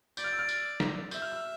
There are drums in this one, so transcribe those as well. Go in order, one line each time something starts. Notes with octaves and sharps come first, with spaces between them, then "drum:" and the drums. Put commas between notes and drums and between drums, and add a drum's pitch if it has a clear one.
D5 G6, drum: tambourine
F6
E6
F6
drum: tambourine
drum: snare
E5 G6, drum: tambourine
F6
E6